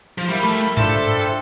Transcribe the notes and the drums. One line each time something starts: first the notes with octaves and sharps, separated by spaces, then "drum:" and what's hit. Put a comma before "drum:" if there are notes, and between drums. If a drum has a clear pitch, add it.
F3
G3 E4 A#4 E5
A3
D4 F4 A4 C5 E5 G5, drum: tom G2